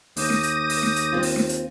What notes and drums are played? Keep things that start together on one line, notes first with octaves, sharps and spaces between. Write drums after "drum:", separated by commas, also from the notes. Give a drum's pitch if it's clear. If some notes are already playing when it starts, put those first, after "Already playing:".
D#2 D6 D#6 G6 A#6 D#7, drum: open hi-hat
drum: snare
drum: hi-hat
drum: open hi-hat
drum: snare
drum: hi-hat
C4 F4
drum: open hi-hat
drum: snare
drum: hi-hat